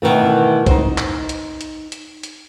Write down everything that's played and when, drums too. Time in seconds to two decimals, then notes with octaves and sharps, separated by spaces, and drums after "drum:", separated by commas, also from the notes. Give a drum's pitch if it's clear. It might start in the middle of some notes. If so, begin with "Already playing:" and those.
0.02 B2 D#3 E3 A3
0.66 D#4 C5, drum: kick, hi-hat
0.98 drum: clap
1.29 drum: hi-hat
1.61 drum: hi-hat
1.92 drum: hi-hat
2.23 drum: hi-hat